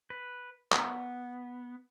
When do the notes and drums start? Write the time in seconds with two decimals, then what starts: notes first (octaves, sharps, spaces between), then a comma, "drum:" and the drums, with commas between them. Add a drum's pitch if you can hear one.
0.10 B4
0.72 B3, drum: clap